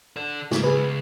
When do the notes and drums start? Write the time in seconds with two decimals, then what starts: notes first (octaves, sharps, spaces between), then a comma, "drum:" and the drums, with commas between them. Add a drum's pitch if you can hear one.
0.16 A4 D5
0.51 C#3 G#3, drum: snare
0.64 C#2 G#4 B4